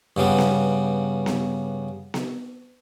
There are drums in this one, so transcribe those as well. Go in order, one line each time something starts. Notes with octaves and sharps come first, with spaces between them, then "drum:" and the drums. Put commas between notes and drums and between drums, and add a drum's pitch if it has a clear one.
G2 C#3 G3 B3
drum: snare B3
drum: snare B3
drum: snare B3